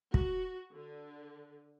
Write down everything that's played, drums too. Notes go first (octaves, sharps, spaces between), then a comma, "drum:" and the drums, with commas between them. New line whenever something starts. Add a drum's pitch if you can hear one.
F#4, drum: kick
D3